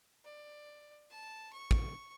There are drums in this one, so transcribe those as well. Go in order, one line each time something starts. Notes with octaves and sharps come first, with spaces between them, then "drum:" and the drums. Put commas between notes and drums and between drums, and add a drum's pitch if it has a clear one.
D5
A5
C#6
drum: kick